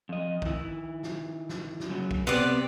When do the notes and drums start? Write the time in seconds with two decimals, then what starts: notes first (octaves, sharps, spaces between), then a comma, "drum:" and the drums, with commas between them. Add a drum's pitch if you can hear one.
0.09 F2 D#5
0.42 D#3 E4, drum: kick
1.03 drum: snare
1.49 drum: snare
1.80 drum: snare
1.89 F#2 C#3 F#3
2.11 drum: kick
2.27 C3 B3 C4 G4 D5